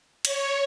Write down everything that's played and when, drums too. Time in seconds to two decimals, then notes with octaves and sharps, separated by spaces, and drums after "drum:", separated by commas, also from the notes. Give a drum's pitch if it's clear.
0.25 C#5, drum: cymbal